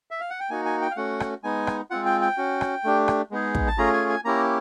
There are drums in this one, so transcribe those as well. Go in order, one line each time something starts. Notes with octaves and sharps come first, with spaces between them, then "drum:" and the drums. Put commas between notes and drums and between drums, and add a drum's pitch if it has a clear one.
E5
F5
F#5
G5
A#3 D#4 F#4 G#5
G#5
G5
F5
A3 C#4 F#4 F#5
drum: rim click
G#3 B3 D#4 G#5
drum: rim click
G#3 C4 F4 F#5
G5
G5
C#4 F#4
drum: rim click
A3 D4 G4
drum: rim click
G#3 B3 D#4 G#4
drum: kick
A5
A3 C#4 F4 G#4 A#5
G#5
G#5
A#3 C#4 E4 G4 A#5